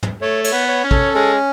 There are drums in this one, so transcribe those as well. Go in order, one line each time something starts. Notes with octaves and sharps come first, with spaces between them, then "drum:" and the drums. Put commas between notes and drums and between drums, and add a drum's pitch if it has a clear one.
drum: tom
A3 C#5
C#5, drum: cymbal
B3
C#5
C#4
A4, drum: kick
G#3 C#4